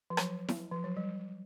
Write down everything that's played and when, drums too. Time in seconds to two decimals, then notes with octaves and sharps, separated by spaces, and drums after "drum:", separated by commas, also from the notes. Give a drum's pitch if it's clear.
0.10 F3
0.17 F#3, drum: rim click
0.48 drum: snare E4
0.71 F3
0.84 F#3
0.97 G3